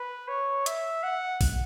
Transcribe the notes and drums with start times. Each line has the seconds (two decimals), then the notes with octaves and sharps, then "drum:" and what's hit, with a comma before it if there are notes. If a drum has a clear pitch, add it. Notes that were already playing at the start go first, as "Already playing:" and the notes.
Already playing: B4
0.28 C#5
0.66 E5, drum: hi-hat
1.03 F#5
1.41 drum: kick A1, open hi-hat